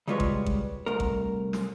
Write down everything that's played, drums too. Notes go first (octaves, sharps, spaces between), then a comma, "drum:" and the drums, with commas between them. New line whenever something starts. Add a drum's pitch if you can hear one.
C#3 G3 G#3 F4 B4 C#5
drum: kick A1
drum: kick A1
C2 A3 A#4
drum: kick A1
drum: snare